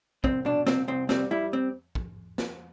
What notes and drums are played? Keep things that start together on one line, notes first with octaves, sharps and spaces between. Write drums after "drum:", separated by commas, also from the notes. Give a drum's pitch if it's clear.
C2 C4, drum: kick
B2 D4
C2 C4, drum: snare
C2 C4
G3 C4, drum: snare
G3 E4
C4
drum: kick
drum: snare